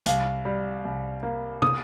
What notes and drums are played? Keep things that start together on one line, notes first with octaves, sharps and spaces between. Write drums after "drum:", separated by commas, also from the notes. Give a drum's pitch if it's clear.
C2 F5, drum: hi-hat
G3
C2
A#3
D#6, drum: tom